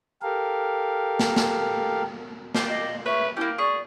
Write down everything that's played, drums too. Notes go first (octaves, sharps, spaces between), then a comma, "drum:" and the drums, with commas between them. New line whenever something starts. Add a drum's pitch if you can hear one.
G4 A4 A#4 F5
drum: snare
drum: snare
F4 G4 C5 D5, drum: snare
D#5
B4 C#5 E5
A#3 C#4 E4 G4
G#4 D5 C#6